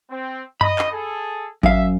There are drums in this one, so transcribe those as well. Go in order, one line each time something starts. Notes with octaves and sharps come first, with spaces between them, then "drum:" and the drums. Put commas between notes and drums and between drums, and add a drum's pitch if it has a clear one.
C4
D#5 B5, drum: tom F#2
drum: clap
G#4 A4
F#2 E5 F5, drum: kick G#1